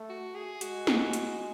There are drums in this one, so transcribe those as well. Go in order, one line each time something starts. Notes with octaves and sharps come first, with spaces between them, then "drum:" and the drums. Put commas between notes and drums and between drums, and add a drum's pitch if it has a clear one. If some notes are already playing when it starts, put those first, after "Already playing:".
Already playing: A3
F#4
G#4
G#3 F#4, drum: hi-hat
drum: snare
drum: hi-hat